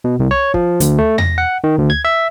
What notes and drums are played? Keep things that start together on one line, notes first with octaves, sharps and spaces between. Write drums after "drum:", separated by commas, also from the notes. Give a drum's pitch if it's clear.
B2
C2
C#5
F3, drum: kick
D2, drum: hi-hat
A3
A#6, drum: tom E2
F#5
D#3
D2
G#6
E5